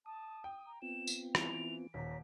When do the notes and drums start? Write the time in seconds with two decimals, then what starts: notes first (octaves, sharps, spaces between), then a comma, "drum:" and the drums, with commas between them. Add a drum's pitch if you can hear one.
0.06 A5 D#6
0.44 G5
0.67 A#5
0.82 B3 C4 F4 E7
1.07 drum: tambourine
1.35 E3 D7 F7, drum: rim click
1.94 D#1 C#5 A#5 B6